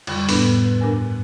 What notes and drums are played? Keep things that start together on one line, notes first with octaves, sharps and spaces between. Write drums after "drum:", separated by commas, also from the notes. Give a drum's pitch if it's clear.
F2 D3 G3 B5 C#6, drum: cymbal
E2 A2 B3 D4 B4 B5, drum: open hi-hat
B4
G2 D4 A#4 G#5